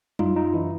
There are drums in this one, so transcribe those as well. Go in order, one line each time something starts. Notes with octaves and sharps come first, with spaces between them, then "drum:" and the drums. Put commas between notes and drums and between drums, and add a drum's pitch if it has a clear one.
F#2 D#4 F4, drum: tom F#3
D#4 F4
E3 D4 E4